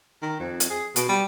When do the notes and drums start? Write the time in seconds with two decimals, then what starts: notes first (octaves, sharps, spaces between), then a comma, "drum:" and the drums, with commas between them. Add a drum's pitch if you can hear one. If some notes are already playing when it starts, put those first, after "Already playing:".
0.23 D#3
0.40 F2
0.60 drum: hi-hat
0.70 G#4
0.96 B2, drum: hi-hat
1.09 G3